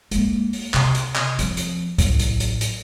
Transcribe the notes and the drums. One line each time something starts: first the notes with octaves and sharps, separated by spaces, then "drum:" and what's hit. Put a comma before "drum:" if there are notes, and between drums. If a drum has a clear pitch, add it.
G#3 A#3, drum: hi-hat
drum: open hi-hat
C3, drum: clap
drum: hi-hat
drum: clap
F3 C4, drum: hi-hat
drum: hi-hat
A1 F#3, drum: kick C2, hi-hat
drum: hi-hat
drum: hi-hat
drum: hi-hat